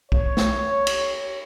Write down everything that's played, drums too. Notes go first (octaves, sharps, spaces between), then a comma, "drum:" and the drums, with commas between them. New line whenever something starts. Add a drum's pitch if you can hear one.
C#5, drum: kick
drum: snare
drum: cymbal